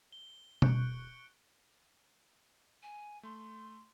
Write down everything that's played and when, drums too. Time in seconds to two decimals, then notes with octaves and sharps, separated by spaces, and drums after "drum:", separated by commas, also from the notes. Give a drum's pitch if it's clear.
0.12 G7
0.62 D#1 C#6 F#6 G6 C#7 D7, drum: tom B2
2.82 G#5
3.23 A3 C6